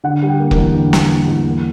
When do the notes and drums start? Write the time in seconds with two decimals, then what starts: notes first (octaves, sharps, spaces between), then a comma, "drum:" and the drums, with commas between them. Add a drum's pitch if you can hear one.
0.04 D3 F#5
0.22 G3
0.28 G5
0.39 A#3
0.51 A#4, drum: kick
0.57 E2
0.75 D3
0.93 G3, drum: snare
1.09 A#3
1.28 E2
1.45 A#3